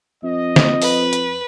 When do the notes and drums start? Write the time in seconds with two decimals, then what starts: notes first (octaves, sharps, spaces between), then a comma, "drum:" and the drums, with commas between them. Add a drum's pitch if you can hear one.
0.23 F2 D#5
0.56 drum: snare
0.82 B4, drum: open hi-hat
1.13 drum: hi-hat